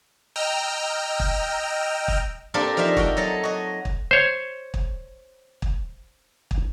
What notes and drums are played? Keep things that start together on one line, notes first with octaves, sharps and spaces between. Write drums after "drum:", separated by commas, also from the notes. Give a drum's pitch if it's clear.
D#5 G5 A#5 E6 F6
drum: kick
drum: kick
A#3 C4 D4 G4 A4 A#4
F3 D#4 A#4 C5 E5
F#4 A#4 G5, drum: kick
F#3 A4 D#5
F#4 D#5
drum: kick
C5 C#5
drum: kick
drum: kick
drum: kick